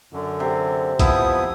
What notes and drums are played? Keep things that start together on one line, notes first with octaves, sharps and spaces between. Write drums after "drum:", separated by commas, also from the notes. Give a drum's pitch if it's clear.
F#2 D3
C3
F3 B3 E4 D#6, drum: kick, hi-hat